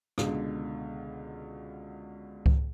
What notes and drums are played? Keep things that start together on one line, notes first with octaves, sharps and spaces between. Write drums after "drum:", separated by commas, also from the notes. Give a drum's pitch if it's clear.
C#2 B2 D3, drum: rim click
drum: kick C#2